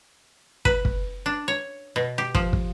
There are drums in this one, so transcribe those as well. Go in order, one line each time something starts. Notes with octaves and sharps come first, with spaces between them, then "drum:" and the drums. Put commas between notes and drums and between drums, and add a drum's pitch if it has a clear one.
B4, drum: kick
drum: kick
D4
C#5
B2
G4
F3, drum: kick
drum: kick